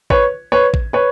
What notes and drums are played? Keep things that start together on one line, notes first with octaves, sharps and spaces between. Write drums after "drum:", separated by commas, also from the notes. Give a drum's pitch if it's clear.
B4 C#5, drum: kick A1
B4 C#5
drum: kick A1
B4 C#5